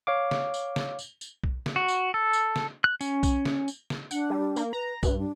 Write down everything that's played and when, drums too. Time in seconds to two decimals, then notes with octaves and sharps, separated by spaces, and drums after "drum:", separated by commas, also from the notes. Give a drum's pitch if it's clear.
0.07 C#5 F5 D6
0.31 drum: snare
0.54 drum: tambourine
0.76 drum: snare
0.99 drum: tambourine
1.21 drum: tambourine
1.44 drum: kick B1
1.66 drum: snare
1.76 F#4
1.88 drum: tambourine
2.14 A4
2.33 drum: tambourine
2.56 drum: snare
2.84 F#6
3.01 C#4, drum: tambourine
3.23 drum: kick B1, tambourine
3.45 drum: snare
3.68 drum: tambourine
3.90 drum: snare
4.11 D4 F#5, drum: tambourine
4.30 G3
4.56 A#3, drum: tambourine
4.73 B4 A#5
5.03 G2 B4, drum: kick B1, tambourine
5.18 D4